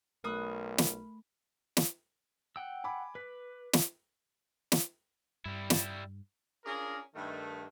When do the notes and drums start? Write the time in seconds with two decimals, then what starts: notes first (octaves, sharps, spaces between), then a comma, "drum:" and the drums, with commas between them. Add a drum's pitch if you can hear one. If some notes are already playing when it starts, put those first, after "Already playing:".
0.24 B1 A3 A#4 B5 D#6 F#6
0.78 drum: snare
1.77 drum: snare
2.56 F#5 G5 E6
2.84 G#5 B5 D6
3.15 B4 B6
3.73 drum: snare
4.72 drum: snare
5.45 G2 G3 E4
5.70 drum: snare
6.65 C#4 D4 F4 G#4 A#4
7.15 G2 D#3 A3